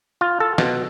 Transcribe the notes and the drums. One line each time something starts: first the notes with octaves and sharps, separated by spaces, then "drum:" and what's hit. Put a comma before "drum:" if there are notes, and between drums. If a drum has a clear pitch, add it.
F4
A4
B2, drum: snare